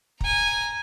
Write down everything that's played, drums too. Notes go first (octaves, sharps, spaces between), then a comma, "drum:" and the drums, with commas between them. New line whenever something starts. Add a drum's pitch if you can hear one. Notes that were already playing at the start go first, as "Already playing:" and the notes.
G#5 A#5, drum: kick